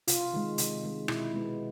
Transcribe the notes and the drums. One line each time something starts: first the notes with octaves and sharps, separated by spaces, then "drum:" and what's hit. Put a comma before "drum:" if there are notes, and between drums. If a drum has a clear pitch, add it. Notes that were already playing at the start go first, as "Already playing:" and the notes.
C3 F4, drum: hi-hat
D#3 G#3
C3, drum: hi-hat
D#3 G#3
B2 E4, drum: rim click
G#3 B3